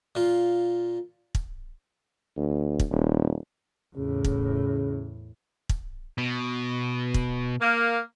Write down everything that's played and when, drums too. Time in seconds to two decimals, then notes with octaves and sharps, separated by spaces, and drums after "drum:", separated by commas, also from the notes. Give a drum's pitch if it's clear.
0.15 A#2 F4
1.35 drum: kick
2.37 D2
2.80 drum: kick
2.91 D#1
3.96 E2 A2 C#3
4.24 drum: kick
5.69 drum: kick
6.18 B2
7.14 drum: kick
7.61 A#3